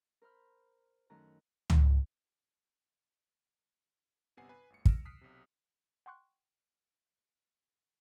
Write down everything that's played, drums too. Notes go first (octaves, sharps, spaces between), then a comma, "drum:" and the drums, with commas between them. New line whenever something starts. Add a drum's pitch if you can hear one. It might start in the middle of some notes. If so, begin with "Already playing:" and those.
A#4 C5 B5 F6
F#2 D#3 A3 A#4 A#5 F#6
drum: tom C#2
G1 C3 B3 F#5 G#5 C7
B4 G#5
G1 D2 C#7
E6 F6 A#6 D7 E7, drum: kick
D#6 F6 F#6 B6 C7
B1 C3
F#5 G5 C6 C#6 F#6